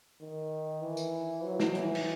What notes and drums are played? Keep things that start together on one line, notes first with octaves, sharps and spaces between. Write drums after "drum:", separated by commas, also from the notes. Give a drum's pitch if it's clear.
D#3
E3
drum: tambourine
F#3
drum: snare
E3, drum: hi-hat
drum: cymbal